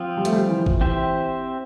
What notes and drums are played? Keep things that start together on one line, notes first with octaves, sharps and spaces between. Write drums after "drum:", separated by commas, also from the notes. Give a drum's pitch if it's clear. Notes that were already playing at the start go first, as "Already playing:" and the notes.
Already playing: F3 C4 F4
G3
A3, drum: hi-hat
G3
E3
drum: kick
C4 G4 C5 E5